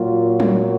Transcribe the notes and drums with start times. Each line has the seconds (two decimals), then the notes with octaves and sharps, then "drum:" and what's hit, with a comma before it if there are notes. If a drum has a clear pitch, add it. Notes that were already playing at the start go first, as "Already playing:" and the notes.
Already playing: A#2 F#3 F4
0.40 drum: tom F#3